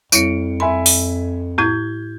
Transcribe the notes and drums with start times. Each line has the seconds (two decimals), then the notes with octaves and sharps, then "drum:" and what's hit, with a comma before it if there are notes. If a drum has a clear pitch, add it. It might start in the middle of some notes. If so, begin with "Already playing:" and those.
0.12 F2 G3 E4 C#5 C#7 D7, drum: tambourine
0.60 E5 G#5 B5 C6
0.86 drum: open hi-hat
1.58 A2 E4 G6 G#6